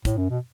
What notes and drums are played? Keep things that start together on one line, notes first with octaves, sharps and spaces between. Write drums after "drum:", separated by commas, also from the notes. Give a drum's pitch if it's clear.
A2, drum: kick, hi-hat
F#2
B2